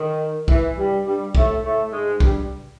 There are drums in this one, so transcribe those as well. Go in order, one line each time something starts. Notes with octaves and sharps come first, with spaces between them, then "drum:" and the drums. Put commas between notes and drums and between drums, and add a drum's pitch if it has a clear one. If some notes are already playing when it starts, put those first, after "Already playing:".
Already playing: D#3
E3, drum: kick B1
G2 G3
G2 G3
A2 A3, drum: kick B1
A2 A3
G#2 G#3
G2 G3, drum: kick B1